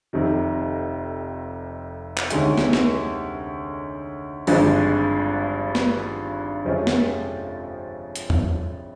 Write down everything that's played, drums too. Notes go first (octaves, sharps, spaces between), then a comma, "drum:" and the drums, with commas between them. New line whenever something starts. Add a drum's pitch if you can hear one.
F1 F2 C3 D#3
drum: clap
D2 C3 D#3 G#3 C#4, drum: hi-hat
drum: snare
drum: snare
G#1 G2 D3 F3 G#3, drum: open hi-hat
drum: snare
F2 C3 F3 G#3 C#4
drum: snare
drum: hi-hat
drum: tom E2